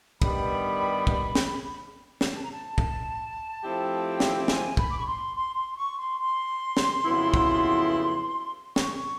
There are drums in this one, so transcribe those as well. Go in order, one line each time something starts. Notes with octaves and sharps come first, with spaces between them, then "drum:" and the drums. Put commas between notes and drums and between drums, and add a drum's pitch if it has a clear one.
G2 D#3 G3 B3 B5, drum: kick
drum: kick
drum: snare
drum: snare
A5
A#5
A5
drum: kick
F3 A3 C4 E4 G4
drum: snare
G#5, drum: snare
B5, drum: kick
D6
C#6
C6
C6
C6
C#6
C6
C6
drum: snare
F2 C#3 F#3 B3 E4
drum: kick
C#6, drum: snare